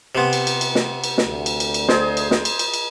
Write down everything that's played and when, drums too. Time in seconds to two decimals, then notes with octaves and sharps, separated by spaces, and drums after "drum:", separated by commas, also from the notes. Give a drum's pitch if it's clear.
0.15 C3 B3 G5 G#5 C6
0.33 drum: cymbal
0.47 drum: cymbal
0.61 drum: cymbal
0.75 drum: snare
1.04 drum: cymbal
1.18 drum: snare
1.28 D2
1.46 drum: cymbal
1.60 drum: cymbal
1.74 drum: cymbal
1.89 G#4 C5 D#5 A5, drum: snare
2.17 drum: cymbal
2.31 drum: snare
2.45 drum: cymbal
2.59 drum: cymbal
2.74 drum: cymbal